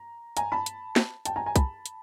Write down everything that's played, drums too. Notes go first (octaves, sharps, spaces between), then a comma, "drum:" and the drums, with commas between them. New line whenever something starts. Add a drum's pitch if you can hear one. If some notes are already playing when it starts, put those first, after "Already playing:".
Already playing: A#5
G#5 A#5, drum: hi-hat
A5 B5
drum: hi-hat
drum: snare
G5 A5, drum: hi-hat
G#5 A#5
G#5 A#5
A5 B5, drum: kick, hi-hat
drum: hi-hat